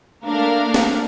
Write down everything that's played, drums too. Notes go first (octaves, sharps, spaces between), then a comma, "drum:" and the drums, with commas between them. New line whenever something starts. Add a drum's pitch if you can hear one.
A3 A#3 D4 A#4 F5
drum: snare